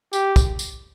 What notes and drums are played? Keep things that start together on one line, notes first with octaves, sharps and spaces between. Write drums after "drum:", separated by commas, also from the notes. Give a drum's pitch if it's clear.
G4, drum: tambourine
drum: kick, tambourine
drum: tambourine